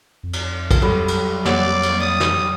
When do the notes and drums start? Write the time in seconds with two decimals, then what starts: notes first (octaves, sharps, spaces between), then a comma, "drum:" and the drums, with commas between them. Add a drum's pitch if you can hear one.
0.23 F2
0.33 drum: cymbal
0.71 drum: kick, cymbal
0.82 F#3 G3 A4 B5
1.08 drum: cymbal
1.45 F2 A#3 C#5 D5 F#5, drum: snare
1.83 drum: cymbal
2.01 D#6 A6
2.20 drum: snare